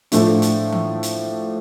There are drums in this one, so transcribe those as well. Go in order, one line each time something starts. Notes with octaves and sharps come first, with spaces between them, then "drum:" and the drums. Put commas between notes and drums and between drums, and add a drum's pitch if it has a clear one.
A2 F3 A3 D4, drum: hi-hat
drum: hi-hat
drum: tom E3
drum: hi-hat